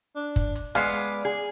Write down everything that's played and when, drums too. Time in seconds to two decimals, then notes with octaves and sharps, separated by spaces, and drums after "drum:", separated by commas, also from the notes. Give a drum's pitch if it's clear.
0.16 D4
0.36 drum: kick
0.55 drum: hi-hat
0.75 G#3 B3 D5 F5, drum: rim click
0.95 drum: hi-hat
1.25 G#4